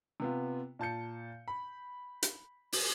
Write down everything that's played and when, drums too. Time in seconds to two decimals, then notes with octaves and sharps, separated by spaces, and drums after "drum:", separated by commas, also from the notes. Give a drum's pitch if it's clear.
0.20 C3 B3 F4
0.79 A#2 A5 G6 C#7
1.48 B5
2.23 drum: hi-hat
2.72 drum: open hi-hat